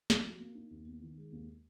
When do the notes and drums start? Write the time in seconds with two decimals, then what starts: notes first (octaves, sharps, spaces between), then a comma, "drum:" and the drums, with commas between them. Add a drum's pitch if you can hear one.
0.10 F3, drum: snare
0.24 F#4
0.40 A#3
0.55 D#4
0.70 D#2
0.86 B3
1.02 D#3
1.17 G#3
1.32 D#2